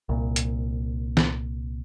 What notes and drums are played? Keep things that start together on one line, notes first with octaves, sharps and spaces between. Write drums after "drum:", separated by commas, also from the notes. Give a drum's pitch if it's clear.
C2 A#2
drum: hi-hat
drum: snare